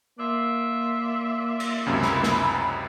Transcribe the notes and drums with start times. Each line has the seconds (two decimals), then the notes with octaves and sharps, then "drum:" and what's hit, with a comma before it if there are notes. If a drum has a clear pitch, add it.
0.19 A#3 F4 D5 E5
1.60 drum: cymbal
1.86 C#2 F#2 C3 B5
2.02 drum: snare
2.23 drum: snare